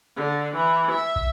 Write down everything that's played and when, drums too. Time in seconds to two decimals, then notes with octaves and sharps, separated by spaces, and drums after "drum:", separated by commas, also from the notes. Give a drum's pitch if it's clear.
0.17 D3
0.56 E3
0.92 E5
1.16 drum: kick